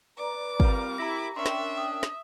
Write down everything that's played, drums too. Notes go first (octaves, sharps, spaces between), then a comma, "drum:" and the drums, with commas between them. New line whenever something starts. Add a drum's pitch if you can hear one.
B4 D5 A#5 D6
G3 C4 F4 A#4, drum: kick
E4 G4 A#4 A#5 A#6
C#4 D4 A#4 E5 G5 C6 C#6
drum: snare
D#6
drum: snare